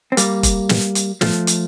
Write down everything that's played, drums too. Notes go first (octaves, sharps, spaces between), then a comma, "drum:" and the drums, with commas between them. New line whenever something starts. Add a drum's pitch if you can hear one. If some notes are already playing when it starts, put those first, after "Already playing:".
C4
G3 A#3, drum: hi-hat
drum: kick F1, hi-hat
drum: snare
drum: hi-hat
F3 A3, drum: snare
drum: hi-hat